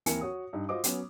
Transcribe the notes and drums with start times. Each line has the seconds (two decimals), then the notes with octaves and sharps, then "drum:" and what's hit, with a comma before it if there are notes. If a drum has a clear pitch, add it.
0.06 D#2 E3 C4 A#4 G#5 C#7, drum: hi-hat
0.21 F#4 C#5 D#6
0.53 G2 D#4
0.69 F4 F#4 C5 D#5 D6
0.84 F#3 B3 C#4, drum: hi-hat